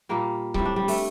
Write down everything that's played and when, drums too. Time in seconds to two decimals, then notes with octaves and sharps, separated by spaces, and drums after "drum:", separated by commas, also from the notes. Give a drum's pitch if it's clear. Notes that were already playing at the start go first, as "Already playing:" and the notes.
0.09 A#2 G3 A#3
0.54 A2 G3 C4, drum: kick C#1
0.65 D4
0.76 G3
0.88 A3, drum: open hi-hat